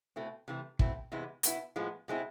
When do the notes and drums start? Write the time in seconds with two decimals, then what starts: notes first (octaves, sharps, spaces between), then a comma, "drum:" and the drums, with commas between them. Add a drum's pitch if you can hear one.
0.16 B2 A3 C4 E4
0.48 C3 E3 A3
0.79 B2 A3 C4 E4, drum: kick
1.12 E2 C3 G#3 B3 E4
1.43 B2 B3 E4, drum: hi-hat
1.76 A2 F3 G#3 B3
2.08 B2 G#3 C4 E4